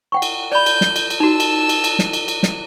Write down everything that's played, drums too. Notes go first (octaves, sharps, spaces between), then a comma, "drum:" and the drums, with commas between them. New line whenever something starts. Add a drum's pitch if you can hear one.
F#5 G5 C#6
drum: cymbal
D5 B5 G6
drum: cymbal
drum: snare
drum: cymbal
drum: cymbal
D#4 F#4 A5 E6
drum: cymbal
drum: cymbal
drum: cymbal
drum: snare
drum: cymbal
drum: cymbal
drum: snare